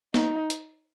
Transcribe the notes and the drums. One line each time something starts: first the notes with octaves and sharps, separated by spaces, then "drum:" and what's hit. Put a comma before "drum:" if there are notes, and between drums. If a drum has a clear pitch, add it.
D#4, drum: snare
drum: hi-hat